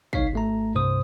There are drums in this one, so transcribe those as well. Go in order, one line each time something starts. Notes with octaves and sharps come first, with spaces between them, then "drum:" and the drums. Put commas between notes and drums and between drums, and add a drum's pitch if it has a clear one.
C2 D#4 C#5 F5 B6 C7, drum: kick
G#1 A3 A#5
C2 G2 C3 C5 D#6